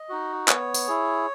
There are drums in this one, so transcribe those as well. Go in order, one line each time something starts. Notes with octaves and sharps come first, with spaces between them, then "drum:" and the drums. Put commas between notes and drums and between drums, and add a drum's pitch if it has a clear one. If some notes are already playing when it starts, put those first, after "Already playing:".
Already playing: D#5
D#4 F#4
B3 C#5, drum: clap
drum: tambourine
E4 G#4